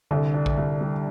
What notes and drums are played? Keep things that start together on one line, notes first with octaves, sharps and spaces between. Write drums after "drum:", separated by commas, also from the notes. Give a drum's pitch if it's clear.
C2 D3
D4
drum: kick A#1
C2
G3